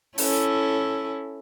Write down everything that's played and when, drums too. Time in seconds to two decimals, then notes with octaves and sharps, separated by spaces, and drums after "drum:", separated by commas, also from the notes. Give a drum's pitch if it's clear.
0.18 C#4 E4 A4, drum: open hi-hat